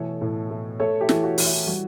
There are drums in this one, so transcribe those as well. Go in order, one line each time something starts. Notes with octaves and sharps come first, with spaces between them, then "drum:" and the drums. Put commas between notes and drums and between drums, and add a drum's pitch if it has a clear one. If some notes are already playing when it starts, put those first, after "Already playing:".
Already playing: B2 E3 A3 A4 C#5
A2
A3
A3 A4 C#5
E4 G4
E3, drum: snare
F#4
E3, drum: open hi-hat
E4
G3 F#4